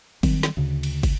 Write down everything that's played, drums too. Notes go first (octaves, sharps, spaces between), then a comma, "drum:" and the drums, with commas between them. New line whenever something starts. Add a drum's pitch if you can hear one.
D#3 F#3 G3 C4, drum: kick, cymbal
drum: snare
D2 C#3
drum: cymbal
drum: kick, cymbal